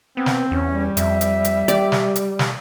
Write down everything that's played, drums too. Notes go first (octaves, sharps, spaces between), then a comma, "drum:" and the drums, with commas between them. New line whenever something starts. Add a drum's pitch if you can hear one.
B3 C4
drum: snare
E2 C#4
G3
F2 E5, drum: hi-hat
drum: hi-hat
drum: hi-hat
G4 D5, drum: hi-hat
drum: snare
drum: hi-hat
drum: snare